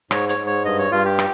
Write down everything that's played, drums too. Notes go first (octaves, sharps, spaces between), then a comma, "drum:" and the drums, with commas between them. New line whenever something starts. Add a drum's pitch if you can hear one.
G#2 C#5, drum: rim click
C#5, drum: hi-hat
G#2
C#5
G2 D#5
C#5
G2 F4
G4
drum: rim click